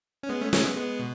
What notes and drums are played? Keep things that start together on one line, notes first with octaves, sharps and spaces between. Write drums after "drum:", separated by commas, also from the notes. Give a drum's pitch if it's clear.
C#4
G#3 B3
A3 C#4
A3 C#4, drum: snare
G#3 B3
G#3 B3
B2